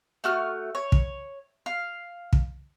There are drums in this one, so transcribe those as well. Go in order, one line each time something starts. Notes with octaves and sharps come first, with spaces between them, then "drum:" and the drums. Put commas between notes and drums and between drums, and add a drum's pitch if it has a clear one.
A3 F#4 F6
C#5
drum: kick
F5
drum: kick